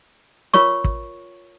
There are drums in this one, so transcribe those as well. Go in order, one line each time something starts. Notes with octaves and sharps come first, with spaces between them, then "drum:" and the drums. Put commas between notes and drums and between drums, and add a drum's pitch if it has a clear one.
F4 A#4 C#5 C#6, drum: snare
drum: kick